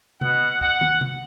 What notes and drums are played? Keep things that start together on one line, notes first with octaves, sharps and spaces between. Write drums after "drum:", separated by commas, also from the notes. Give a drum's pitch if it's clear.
B2 B3 F#5, drum: tom
F#5, drum: kick
drum: tom
drum: tom